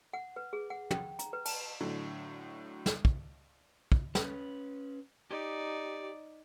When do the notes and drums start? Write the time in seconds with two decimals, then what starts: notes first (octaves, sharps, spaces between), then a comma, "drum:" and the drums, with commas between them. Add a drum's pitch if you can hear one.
0.13 F#5
0.36 B4
0.53 G#4
0.70 F#5
0.91 G5, drum: tom
1.19 A#5, drum: hi-hat
1.33 B4
1.45 A5, drum: cymbal
1.80 A2 D3 F#3
2.86 drum: snare
3.05 drum: kick
3.92 drum: kick
4.15 C#4 B4, drum: snare
5.31 D#4 G4 D5